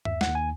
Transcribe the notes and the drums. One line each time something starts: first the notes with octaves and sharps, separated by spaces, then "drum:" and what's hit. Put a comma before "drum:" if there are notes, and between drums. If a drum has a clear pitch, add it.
D#2 E5, drum: tom G2
F#5, drum: snare
D#2
G#5